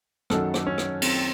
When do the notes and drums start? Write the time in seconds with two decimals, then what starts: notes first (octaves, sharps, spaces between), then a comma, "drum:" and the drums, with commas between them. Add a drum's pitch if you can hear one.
0.30 F#2 D#3 F#3 A4, drum: rim click
0.54 drum: rim click
0.67 C#4
0.78 drum: rim click
1.02 C4, drum: cymbal